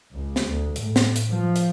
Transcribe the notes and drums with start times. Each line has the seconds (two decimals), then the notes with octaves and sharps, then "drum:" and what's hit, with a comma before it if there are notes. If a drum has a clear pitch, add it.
0.12 C#2
0.36 drum: snare
0.46 D2
0.76 A2, drum: hi-hat
0.96 drum: snare
1.16 drum: hi-hat
1.29 F3
1.56 drum: hi-hat